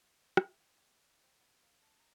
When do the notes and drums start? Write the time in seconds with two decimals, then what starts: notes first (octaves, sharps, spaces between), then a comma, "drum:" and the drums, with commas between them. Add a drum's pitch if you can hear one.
0.22 B3
0.37 E5, drum: rim click
0.60 G4
0.78 G4
1.10 E4
1.23 C4
1.40 B3
1.61 A#3
1.82 A4
2.00 A#5